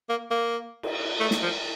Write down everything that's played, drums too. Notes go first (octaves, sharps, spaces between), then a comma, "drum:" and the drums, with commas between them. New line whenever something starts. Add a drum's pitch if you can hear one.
A#3
A#3
drum: cymbal
A3
drum: snare
F3